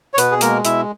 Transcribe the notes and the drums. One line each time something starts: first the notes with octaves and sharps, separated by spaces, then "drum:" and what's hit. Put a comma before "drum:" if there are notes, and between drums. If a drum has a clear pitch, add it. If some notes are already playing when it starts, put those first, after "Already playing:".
C#5
B2 B3 B4, drum: hi-hat
G#4
G#3 A#3 A#4, drum: hi-hat
B2 E4 E5, drum: hi-hat